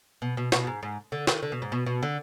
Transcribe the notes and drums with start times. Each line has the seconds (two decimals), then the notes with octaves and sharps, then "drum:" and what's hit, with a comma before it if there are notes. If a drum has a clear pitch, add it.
0.22 B2
0.37 B2
0.52 B2, drum: snare
0.67 G#2
0.83 G#2
1.12 D3
1.27 D#3, drum: snare
1.43 D3
1.52 B2
1.62 G#2
1.72 B2
1.86 B2
2.03 D3